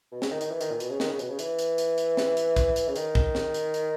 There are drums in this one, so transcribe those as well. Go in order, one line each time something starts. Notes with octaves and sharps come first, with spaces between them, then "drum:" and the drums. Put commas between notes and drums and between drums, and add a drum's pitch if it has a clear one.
B2
C#3, drum: snare
D#3
D#3, drum: hi-hat
E3
D#3, drum: hi-hat
A#2
B2, drum: hi-hat
C#3
D#3, drum: snare
C#3
B2, drum: hi-hat
C#3
E3, drum: hi-hat
drum: hi-hat
drum: hi-hat
drum: hi-hat
drum: snare
drum: hi-hat
drum: kick, hi-hat
drum: hi-hat
C#3
D#3, drum: hi-hat
drum: kick
drum: snare
drum: hi-hat
drum: hi-hat